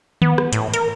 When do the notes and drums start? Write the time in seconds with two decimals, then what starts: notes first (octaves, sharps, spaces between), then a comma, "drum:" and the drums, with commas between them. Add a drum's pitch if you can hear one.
0.22 B3, drum: tom D#3
0.38 drum: rim click
0.53 A2, drum: hi-hat
0.74 A#4, drum: hi-hat